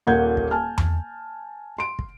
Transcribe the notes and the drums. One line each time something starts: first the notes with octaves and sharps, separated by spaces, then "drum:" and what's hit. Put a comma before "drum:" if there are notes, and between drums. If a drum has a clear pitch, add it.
D#1 A#2 A#3 F#5 G6 G#6
drum: kick
G#5 A5 F6
drum: tom E2
C6 D7
drum: kick